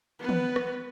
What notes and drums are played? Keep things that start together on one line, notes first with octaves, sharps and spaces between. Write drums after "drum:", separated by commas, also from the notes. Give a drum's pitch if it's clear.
B3 B4
drum: tom
drum: rim click